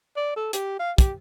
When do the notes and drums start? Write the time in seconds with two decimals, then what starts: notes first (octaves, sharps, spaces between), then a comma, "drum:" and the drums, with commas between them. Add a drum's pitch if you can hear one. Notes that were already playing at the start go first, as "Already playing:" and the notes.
0.17 D5
0.36 A4
0.53 G4, drum: hi-hat
0.80 F5
0.98 G4, drum: kick, hi-hat